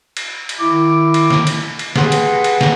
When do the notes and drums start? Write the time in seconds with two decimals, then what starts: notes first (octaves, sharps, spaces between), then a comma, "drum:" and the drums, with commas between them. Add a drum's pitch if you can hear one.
0.17 drum: cymbal
0.49 drum: cymbal
0.59 D#3 E4 D6
1.14 drum: cymbal
1.31 drum: snare
1.47 drum: cymbal
1.79 drum: cymbal
1.96 G4 G#4 B4 F#5 C6, drum: snare
2.12 drum: cymbal
2.44 drum: cymbal
2.61 drum: snare